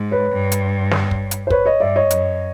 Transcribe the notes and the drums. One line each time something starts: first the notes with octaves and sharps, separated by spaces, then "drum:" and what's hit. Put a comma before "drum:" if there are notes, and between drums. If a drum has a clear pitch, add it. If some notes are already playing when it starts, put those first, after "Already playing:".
Already playing: G#2
B4 C#5
G2
drum: hi-hat
drum: snare
drum: kick
drum: hi-hat
C5
B4 C#5, drum: kick
C#5 D#5
G2 D5 E5
C#5 D#5
F#2, drum: hi-hat